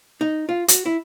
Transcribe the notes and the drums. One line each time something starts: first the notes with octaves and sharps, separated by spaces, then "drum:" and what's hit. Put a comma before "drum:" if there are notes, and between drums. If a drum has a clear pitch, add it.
D#4
F4
F#4, drum: hi-hat
E4